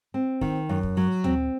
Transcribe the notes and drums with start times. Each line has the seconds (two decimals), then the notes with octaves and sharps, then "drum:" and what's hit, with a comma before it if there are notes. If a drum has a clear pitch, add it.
0.14 C4
0.41 D#3, drum: kick
0.69 F#2
0.83 drum: kick
0.97 F#3
1.24 C4, drum: tom D2